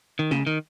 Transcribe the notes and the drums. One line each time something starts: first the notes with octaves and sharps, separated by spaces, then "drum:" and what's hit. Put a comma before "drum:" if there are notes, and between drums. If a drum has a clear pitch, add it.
D#3
C#3, drum: snare
D#3